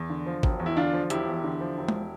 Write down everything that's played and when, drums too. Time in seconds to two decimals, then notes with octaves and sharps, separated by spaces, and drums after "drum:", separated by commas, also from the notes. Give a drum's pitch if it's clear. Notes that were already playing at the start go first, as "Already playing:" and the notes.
Already playing: E2
0.09 D3
0.26 F3
0.43 E1, drum: kick G#1
0.60 E2
0.66 E4
0.77 D3 D4 F4
0.93 F3
1.10 E1 E4 G4, drum: hi-hat
1.28 E2
1.44 D3
1.61 F3
1.77 E1
1.89 drum: tom